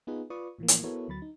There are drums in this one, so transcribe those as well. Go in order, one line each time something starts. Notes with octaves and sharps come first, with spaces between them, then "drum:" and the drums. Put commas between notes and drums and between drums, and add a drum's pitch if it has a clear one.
B3 D#4 F4 G#4 B4
F4 B4 D5 C#6 D#6
A2 E3 F3 A#3
drum: hi-hat
B3 E4 F#4 A4 A#4 C#5
D2 F#3 B5 A6
D#4